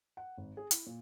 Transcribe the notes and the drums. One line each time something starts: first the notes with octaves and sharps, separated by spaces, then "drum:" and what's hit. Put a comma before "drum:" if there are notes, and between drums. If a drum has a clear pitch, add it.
F#5
G#1
G#4
E4, drum: hi-hat
A#2